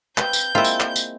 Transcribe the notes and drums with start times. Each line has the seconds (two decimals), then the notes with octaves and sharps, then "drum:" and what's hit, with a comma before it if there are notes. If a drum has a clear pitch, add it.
0.18 C4 B4 F5 G6, drum: clap
0.33 drum: tambourine
0.55 G#3 A#3 C4 E4 F4
0.65 drum: tambourine
0.80 drum: clap
0.96 drum: tambourine